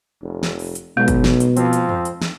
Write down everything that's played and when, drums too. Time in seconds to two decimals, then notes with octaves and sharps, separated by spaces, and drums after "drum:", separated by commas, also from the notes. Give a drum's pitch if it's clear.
0.22 F1
0.43 drum: snare
0.59 drum: open hi-hat
0.75 drum: hi-hat
0.97 B1 B2 G#3
1.08 drum: kick, hi-hat
1.24 drum: snare
1.40 drum: hi-hat
1.57 F3 C4, drum: hi-hat
1.73 drum: hi-hat
1.89 drum: tom
2.05 drum: hi-hat
2.22 drum: snare